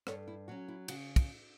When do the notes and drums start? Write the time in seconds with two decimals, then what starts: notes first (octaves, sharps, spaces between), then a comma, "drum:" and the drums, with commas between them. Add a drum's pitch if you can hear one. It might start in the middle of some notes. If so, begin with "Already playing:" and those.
0.07 G2 A4 C#5, drum: rim click
0.28 E4
0.48 F#3 C#4 F#4
0.68 E4
0.88 C#3 F#4, drum: cymbal
1.16 drum: kick, cymbal